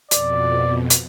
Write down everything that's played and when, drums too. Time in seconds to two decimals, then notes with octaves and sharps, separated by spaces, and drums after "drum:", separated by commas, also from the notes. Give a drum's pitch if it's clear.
0.11 F2 B2 D5, drum: hi-hat
0.90 drum: hi-hat